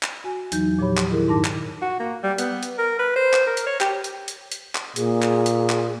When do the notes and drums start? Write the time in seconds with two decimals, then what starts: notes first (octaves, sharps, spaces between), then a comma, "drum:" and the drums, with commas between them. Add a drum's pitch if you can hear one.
0.03 drum: clap
0.24 F#4 G#5
0.52 E2 E3 F#3 D#4 G6, drum: hi-hat
0.79 A#2 F3 G4 C#5 B5
0.97 drum: clap
1.10 D#3 E4 G#4 A#4
1.28 G#2 D#4 A5 D6 A#6
1.45 drum: clap
1.82 F#4
1.99 A#3
2.23 G3
2.38 B3, drum: hi-hat
2.63 drum: hi-hat
2.78 A#4
2.99 B4
3.16 C5
3.33 drum: clap
3.47 A#4
3.57 drum: hi-hat
3.66 C#5
3.81 G4, drum: clap
4.04 drum: hi-hat
4.28 drum: hi-hat
4.52 drum: hi-hat
4.75 drum: clap
4.96 A#2 G#4, drum: hi-hat
5.22 drum: clap
5.46 drum: hi-hat
5.70 drum: clap